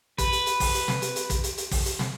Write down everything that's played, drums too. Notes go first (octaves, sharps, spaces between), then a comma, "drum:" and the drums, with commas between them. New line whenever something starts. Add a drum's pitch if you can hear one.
B4, drum: kick, hi-hat
drum: hi-hat
drum: hi-hat
drum: kick, open hi-hat
drum: hi-hat
drum: snare
drum: hi-hat
drum: hi-hat
drum: kick, hi-hat
drum: hi-hat
drum: hi-hat
drum: kick, open hi-hat
drum: hi-hat
drum: snare